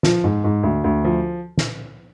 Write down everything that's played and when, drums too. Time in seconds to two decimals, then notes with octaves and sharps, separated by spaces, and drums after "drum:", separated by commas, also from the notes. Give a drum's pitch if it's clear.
0.03 F3, drum: snare
0.24 G#2
0.44 G#2
0.63 D2
0.84 D2
1.04 F3
1.57 drum: snare